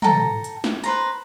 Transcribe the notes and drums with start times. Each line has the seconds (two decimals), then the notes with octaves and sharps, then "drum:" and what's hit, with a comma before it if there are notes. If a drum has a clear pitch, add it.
0.02 A4 G5 A#5, drum: tom
0.44 drum: hi-hat
0.64 drum: snare
0.84 B4 C5 A#5, drum: hi-hat